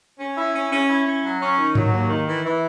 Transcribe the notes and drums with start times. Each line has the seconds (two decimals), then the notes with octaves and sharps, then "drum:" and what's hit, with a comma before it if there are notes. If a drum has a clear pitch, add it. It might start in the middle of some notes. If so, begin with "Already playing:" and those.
0.19 C#4
0.36 E4
0.54 C#4
0.71 C#4
0.88 E4
1.06 C#4
1.23 F#3
1.40 C#4
1.57 D#3
1.75 F#3, drum: tom G#2
1.92 D#2
2.09 D#3
2.28 E3
2.44 E3